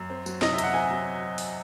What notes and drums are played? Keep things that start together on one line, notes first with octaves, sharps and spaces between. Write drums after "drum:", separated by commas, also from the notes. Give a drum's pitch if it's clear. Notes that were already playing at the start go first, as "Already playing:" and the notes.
Already playing: F#2
C4
F#3, drum: tambourine
C3 D#5, drum: snare
E5
E2, drum: hi-hat
F#5
C4 G#5
F#3
drum: open hi-hat